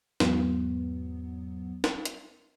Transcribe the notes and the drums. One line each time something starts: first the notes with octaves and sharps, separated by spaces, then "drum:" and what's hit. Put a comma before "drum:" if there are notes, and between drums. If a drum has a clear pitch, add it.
E2 G#2 F#3 B3, drum: snare
drum: snare
drum: hi-hat